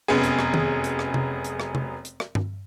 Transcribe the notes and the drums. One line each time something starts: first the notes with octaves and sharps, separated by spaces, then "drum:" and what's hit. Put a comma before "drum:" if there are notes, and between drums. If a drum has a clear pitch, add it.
F1 F#2 B3 G#4
drum: hi-hat
drum: rim click
drum: tom D#3
drum: hi-hat
drum: rim click
drum: tom C3
drum: hi-hat
drum: rim click
drum: tom C3
drum: hi-hat
drum: rim click
drum: tom G2